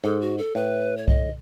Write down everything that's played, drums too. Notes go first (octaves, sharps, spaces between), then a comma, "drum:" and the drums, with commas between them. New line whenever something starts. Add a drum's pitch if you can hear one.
G#2 A4
F#4
A4
A2 B4
C#5
D#5, drum: kick C2